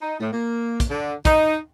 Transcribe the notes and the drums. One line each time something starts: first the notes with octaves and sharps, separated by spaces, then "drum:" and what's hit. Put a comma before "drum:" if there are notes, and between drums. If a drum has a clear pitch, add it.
D#4
A2
A#3
drum: kick, hi-hat
D3
D#4, drum: kick, hi-hat